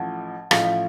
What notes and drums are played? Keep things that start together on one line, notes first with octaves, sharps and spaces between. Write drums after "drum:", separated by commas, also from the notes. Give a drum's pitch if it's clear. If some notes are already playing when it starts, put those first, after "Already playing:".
Already playing: A1 A2 F3 F#5 A5
A1 A2 F3 F5, drum: rim click
F5